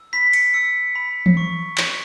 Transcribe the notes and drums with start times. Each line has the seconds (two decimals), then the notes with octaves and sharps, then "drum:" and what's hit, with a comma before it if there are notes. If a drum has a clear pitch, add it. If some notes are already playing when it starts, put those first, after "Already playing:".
Already playing: E6
0.13 B5 B6
0.33 C#7, drum: hi-hat
0.54 E6 C#7
0.95 B5
1.26 drum: tom E3
1.37 C#6
1.78 F#6, drum: clap